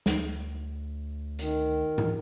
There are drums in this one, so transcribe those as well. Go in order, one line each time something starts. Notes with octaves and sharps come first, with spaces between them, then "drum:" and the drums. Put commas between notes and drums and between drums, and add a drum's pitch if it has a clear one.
D2, drum: snare
D#3, drum: hi-hat
drum: tom G#2